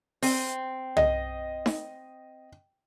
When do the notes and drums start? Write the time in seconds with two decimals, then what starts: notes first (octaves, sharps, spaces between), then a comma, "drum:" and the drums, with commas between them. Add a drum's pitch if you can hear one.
0.22 C4, drum: open hi-hat
0.97 D#5, drum: tom
1.66 drum: snare D#4